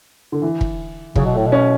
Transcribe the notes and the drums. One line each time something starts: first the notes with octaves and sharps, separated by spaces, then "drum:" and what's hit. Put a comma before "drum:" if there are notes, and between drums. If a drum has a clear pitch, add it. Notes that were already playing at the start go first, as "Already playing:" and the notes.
D3
E3
drum: kick
C#3 F#3, drum: kick
B2
A2 A3
B2
C#4